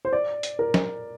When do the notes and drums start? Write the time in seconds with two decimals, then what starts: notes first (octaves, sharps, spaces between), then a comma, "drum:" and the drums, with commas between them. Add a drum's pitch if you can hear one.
0.05 C5
0.13 D5
0.43 drum: hi-hat
0.59 A#4
0.74 drum: snare